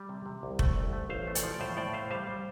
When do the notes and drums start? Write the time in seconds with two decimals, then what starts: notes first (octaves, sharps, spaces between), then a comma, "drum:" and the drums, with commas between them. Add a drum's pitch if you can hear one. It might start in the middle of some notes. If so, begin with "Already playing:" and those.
Already playing: G3
0.09 C3
0.26 C3
0.43 C2
0.59 A3, drum: kick F1
0.76 C2
0.93 A3
1.09 A1 C5 F5
1.27 A3
1.35 D5 G5, drum: hi-hat
1.43 F3
1.54 D5
1.60 A2 C5 F5
1.77 A2 D5 G5
1.93 A3 C5 F5
2.10 G3 C5 F5
2.27 G3